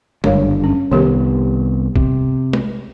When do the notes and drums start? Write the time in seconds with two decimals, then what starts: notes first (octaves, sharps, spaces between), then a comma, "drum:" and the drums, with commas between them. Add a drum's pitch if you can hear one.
0.24 F#1 G2 D3 A#4 C#5 F5, drum: tom G#3
0.64 C#4
0.91 C2 D#3 B3 G4 A#4
1.96 C3, drum: kick
2.53 drum: tom G#3